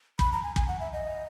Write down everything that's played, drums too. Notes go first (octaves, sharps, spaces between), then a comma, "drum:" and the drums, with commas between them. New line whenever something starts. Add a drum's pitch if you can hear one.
B5, drum: kick
A#5
G#5
G#5, drum: kick
F#5
E5
D#5